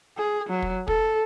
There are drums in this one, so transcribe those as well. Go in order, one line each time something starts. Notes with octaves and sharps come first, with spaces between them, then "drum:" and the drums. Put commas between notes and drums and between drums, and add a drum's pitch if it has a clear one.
G#4
F#3
drum: kick
A4, drum: kick